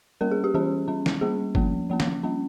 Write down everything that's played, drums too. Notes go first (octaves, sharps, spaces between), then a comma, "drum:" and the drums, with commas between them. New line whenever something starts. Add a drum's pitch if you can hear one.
G3 A#3 C#4 A#4
G#4
G4
E3 G3 C#4 G#4
G3 C#4
drum: snare
G3 A#3 C#4 G#4
F3 A#3 C#4, drum: kick G1
F3 A#3 C#4
drum: snare
G3 A#3 C#4